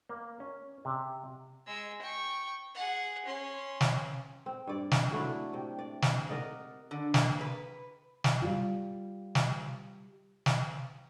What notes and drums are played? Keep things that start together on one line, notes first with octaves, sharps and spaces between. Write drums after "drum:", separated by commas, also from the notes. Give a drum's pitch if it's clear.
A#3
C#4
C3
G#3 E6
G5 C#6
G#4 F#5
C#4 C6
drum: snare
C4
G2 D5
drum: snare
F#3 A3 D4 E4
C3 G5
D5
drum: snare
A#4 D5 D#5 F#5
D3
A#3, drum: snare
B4
drum: snare
G3 F4
drum: snare
drum: snare